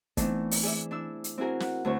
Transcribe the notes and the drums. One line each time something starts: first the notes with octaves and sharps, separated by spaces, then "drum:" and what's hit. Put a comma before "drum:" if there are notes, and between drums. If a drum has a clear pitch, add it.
E3 A3 B3 C4 D4 D#4, drum: kick, hi-hat
drum: open hi-hat
G#4 D5 E5
D4 E4 E6
drum: hi-hat
C4 E4 F#4 G#4 A#4
F#5, drum: snare
D2 A3 C4 E4 C#5